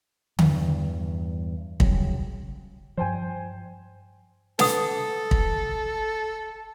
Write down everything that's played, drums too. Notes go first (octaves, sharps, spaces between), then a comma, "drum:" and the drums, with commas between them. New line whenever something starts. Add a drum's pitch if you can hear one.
E2 G2, drum: tom D3
D#1 C#3 F#3 G3, drum: kick
G2 F3 C5 G5 G#5
A4 B4 F#5 D#6, drum: snare
drum: kick